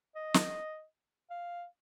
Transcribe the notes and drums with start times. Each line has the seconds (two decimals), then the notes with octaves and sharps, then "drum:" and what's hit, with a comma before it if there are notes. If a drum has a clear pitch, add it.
0.16 D#5
0.34 drum: snare
1.30 F5